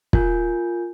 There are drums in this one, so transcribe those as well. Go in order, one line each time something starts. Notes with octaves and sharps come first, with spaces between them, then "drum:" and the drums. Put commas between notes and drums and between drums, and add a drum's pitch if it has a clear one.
F4 A#4 G#5 G6, drum: kick